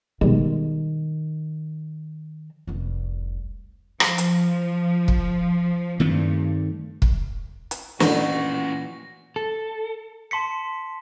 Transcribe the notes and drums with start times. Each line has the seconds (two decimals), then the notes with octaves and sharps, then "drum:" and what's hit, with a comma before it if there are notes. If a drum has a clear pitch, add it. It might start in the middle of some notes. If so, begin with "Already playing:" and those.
0.21 B2 D#3 G3 G#3
2.67 F1 C2
4.00 F3, drum: rim click
4.18 drum: hi-hat
5.08 drum: kick
6.00 G2 D#3 A3 C4
7.02 drum: kick
7.71 drum: hi-hat
8.00 A#2 E3 C#4 F#4 B4 A#6, drum: snare
9.36 A4
10.31 A5 C6 B6 C#7